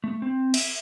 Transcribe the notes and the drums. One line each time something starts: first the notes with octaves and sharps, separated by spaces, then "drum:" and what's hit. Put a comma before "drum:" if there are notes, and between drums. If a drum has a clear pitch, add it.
A3
C4
E5, drum: cymbal